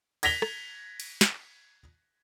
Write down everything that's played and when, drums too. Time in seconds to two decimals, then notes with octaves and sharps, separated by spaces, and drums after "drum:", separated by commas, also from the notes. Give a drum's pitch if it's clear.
0.23 G#6 A#6 B6 F7 G7, drum: cymbal
0.42 drum: rim click
1.00 drum: cymbal
1.21 drum: snare